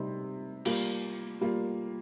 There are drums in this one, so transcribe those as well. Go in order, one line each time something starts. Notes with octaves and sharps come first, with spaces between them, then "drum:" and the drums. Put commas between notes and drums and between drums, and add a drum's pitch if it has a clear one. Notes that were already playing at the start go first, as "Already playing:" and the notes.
Already playing: C3 G3 C4 D#4
G3 A#3 F4, drum: cymbal
G3 A#3 F4